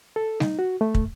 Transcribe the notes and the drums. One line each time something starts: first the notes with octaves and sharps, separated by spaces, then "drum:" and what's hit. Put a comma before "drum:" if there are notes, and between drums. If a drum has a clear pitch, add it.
A4
D#4, drum: snare G3
F#4
A3
drum: kick